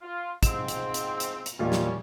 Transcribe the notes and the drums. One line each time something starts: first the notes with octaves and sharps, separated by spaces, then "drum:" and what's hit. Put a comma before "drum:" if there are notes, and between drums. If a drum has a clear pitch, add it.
F4
G#2 F3 C4 E7, drum: kick, hi-hat
drum: hi-hat
drum: hi-hat
drum: hi-hat
drum: hi-hat
E1 A#2 D#3 G3 C#4 F4
drum: snare